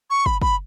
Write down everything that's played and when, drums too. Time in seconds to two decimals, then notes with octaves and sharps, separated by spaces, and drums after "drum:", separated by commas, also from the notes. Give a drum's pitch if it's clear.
0.10 C#6
0.26 B5, drum: kick
0.42 B5, drum: kick